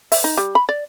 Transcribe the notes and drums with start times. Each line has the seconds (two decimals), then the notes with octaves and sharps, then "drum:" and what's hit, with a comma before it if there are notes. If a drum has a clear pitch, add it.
0.12 E5, drum: open hi-hat
0.24 D#4
0.38 G3
0.55 B5
0.69 D5